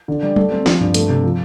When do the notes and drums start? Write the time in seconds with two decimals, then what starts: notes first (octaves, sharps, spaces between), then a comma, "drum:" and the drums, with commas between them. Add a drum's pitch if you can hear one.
0.08 D3
0.23 G3
0.36 A3, drum: tom F#3
0.52 C4
0.66 F3, drum: snare
0.81 G2
0.94 A3, drum: hi-hat
1.09 C3
1.23 F3